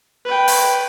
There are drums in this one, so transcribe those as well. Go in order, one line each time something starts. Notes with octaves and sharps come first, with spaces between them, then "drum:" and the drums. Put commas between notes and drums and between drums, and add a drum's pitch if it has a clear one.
B4 G5
drum: open hi-hat